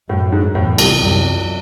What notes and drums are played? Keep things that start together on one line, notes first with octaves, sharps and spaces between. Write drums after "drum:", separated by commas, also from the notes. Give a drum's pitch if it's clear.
F#2 A2
G#2
E2 A2
C2 C3, drum: cymbal
C2 F#2 C3